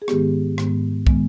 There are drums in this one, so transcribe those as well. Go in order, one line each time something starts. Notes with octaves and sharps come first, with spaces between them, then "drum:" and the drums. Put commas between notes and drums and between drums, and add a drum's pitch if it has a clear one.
G#4
G#2 D#3 G#3 B3 G4, drum: rim click
G#2 D#3 G#3 B3, drum: rim click
D#3 G#3 B3, drum: kick